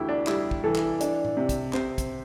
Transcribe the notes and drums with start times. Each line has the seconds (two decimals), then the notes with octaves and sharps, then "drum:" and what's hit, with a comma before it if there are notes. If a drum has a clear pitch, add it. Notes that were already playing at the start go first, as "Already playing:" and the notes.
Already playing: D2 E3 E4 G4
0.09 D4
0.27 G3 E4, drum: clap
0.51 drum: kick
0.64 E3 A4
0.76 drum: clap
1.01 D4, drum: hi-hat
1.25 drum: tom A2
1.37 C3
1.49 drum: kick, hi-hat
1.73 C3 C5, drum: clap
1.98 drum: kick, hi-hat